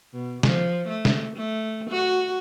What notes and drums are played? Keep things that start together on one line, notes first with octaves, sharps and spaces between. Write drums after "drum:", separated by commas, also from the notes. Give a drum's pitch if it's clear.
B2
F3, drum: snare
A3
drum: snare
A3
F#4